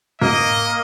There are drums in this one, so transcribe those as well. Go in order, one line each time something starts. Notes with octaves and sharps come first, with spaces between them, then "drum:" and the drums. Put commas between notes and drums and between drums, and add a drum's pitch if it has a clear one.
A#3 D#5, drum: tom